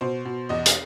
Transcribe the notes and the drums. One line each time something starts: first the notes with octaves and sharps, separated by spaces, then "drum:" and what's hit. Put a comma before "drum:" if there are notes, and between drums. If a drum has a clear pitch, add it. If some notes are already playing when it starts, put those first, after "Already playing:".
B2 C5
B2
E2 D#5
drum: hi-hat